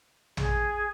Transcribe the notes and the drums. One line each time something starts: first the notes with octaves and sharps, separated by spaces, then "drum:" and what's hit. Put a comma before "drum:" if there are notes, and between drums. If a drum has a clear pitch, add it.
G#4, drum: tom